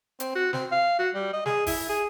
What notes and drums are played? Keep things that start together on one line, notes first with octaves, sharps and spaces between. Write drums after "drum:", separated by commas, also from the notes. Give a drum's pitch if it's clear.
C4, drum: hi-hat
F#4
C4, drum: snare
F5
F#4
G3
D#5
G#4, drum: snare
E4, drum: kick, open hi-hat
G#4